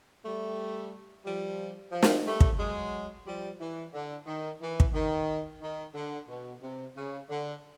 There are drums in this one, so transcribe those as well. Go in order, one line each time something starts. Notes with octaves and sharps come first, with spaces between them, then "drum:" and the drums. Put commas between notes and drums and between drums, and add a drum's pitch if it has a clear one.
G3 A3
F3 G3
F3
drum: snare
G3 A3
drum: kick
F#3 G#3
F3 G3
E3
D3
D#3
E3
drum: kick
D#3
D#3
D3
B2
C3
C#3
D3